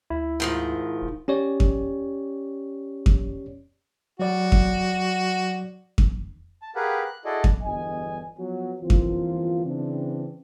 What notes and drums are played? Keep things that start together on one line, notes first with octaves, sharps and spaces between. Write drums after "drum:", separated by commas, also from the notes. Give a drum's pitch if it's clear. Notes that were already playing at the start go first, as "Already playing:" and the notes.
D2 E4
G#2 D#3 F3
E1
C#4 G4 C#5 D5
drum: kick F2
drum: kick F2
F#3 F#4 D5
drum: kick F2
drum: kick F2
A5
G4 G#4 A#4 B4 F5 F#5
F#6
E4 F#4 G#4 A4 D5 D#5
drum: kick F2
G1 E2 G2 D#5 G#5
F3 F#3 B3 F#4
G1 E3 F3 A#3 C4 F4
drum: kick F2
C#3 E3 C4 D4